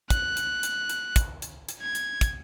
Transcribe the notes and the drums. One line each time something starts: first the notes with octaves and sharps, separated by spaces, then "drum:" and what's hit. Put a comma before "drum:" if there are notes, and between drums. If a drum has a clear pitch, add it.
F#6, drum: kick, hi-hat
drum: hi-hat
drum: hi-hat
drum: hi-hat
drum: kick, hi-hat
drum: hi-hat
drum: hi-hat
G#6
drum: hi-hat
drum: kick, hi-hat